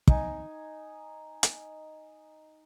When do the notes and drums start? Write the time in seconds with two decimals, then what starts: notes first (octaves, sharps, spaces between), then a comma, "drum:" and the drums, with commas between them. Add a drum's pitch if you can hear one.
0.08 D#4 G#5, drum: kick
1.43 drum: hi-hat